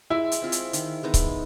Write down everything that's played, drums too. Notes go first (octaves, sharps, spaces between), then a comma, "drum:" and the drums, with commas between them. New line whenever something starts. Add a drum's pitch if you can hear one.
G#3 E4
drum: hi-hat
C4 F4 G#4
drum: hi-hat
D#3, drum: hi-hat
G#3 B3 D#4
drum: kick C#1, hi-hat